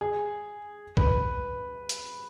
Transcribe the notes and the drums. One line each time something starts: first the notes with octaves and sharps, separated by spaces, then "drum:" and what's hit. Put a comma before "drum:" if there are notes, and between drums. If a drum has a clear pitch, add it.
G#4
B4, drum: kick C2
drum: hi-hat